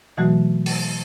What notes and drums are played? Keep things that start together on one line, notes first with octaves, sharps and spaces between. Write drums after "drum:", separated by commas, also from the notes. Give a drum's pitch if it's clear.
B2 E3 F#3 A3 F#4
drum: open hi-hat